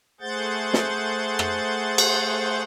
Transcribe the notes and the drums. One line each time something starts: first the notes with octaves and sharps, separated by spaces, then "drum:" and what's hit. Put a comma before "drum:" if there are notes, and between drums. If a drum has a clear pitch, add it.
A3 G#4 C5 F#5 G6 A6
drum: snare
drum: rim click
drum: cymbal